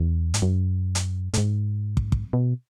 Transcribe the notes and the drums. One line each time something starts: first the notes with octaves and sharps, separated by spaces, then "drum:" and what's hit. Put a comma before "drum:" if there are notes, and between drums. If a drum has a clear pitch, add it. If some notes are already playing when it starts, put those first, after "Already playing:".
Already playing: E2
G#2, drum: hi-hat
F#2
drum: hi-hat
A2, drum: hi-hat
G#2
drum: kick
drum: kick
B2